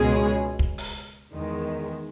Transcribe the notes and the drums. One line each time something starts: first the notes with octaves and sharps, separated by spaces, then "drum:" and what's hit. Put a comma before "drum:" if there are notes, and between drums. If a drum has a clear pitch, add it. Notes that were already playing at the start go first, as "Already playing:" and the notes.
Already playing: C#2 B2 G#3 C#4 G#4
drum: kick
drum: open hi-hat
E2 D#3 G#3